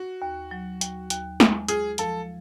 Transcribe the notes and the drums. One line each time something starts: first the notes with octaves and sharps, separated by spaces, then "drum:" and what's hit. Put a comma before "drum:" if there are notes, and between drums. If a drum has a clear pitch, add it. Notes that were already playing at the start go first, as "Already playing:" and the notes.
Already playing: F#4
D#2
F#3
D#2, drum: hi-hat
D#2, drum: hi-hat
G#3, drum: snare
F4 G#4, drum: hi-hat
F3 A4, drum: hi-hat